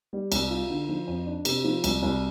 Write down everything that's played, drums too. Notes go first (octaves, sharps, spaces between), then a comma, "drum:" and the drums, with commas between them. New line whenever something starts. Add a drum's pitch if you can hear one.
G3
C2, drum: cymbal
F4
D3
F3
F2
D4
C3, drum: cymbal
F3
C2, drum: cymbal
C2